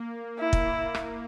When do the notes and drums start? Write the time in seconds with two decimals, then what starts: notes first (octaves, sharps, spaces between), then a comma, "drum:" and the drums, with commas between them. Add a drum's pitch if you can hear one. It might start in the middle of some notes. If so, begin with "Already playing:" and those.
Already playing: A#3
0.39 E4
0.53 drum: kick
0.95 drum: rim click